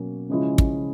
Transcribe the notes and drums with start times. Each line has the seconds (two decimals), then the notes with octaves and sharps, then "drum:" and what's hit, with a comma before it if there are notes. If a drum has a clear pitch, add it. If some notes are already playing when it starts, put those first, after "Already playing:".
Already playing: B2 F#3 A#3 C#4
0.30 C#3 F3 G#3 C#4 E4
0.58 drum: kick